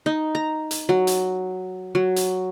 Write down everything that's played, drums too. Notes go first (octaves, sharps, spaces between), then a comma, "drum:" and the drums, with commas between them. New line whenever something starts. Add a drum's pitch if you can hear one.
D#4
A#5
drum: hi-hat
F#3
drum: hi-hat
F#3
drum: hi-hat